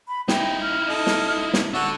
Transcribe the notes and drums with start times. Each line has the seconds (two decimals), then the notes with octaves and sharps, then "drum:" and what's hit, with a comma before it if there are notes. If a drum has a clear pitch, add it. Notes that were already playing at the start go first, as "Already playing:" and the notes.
0.08 B5
0.28 D#4 E4 G5, drum: snare
0.61 F6
0.89 A4 D#5
1.07 drum: snare
1.54 drum: snare
1.74 D4 F#4 A4 E6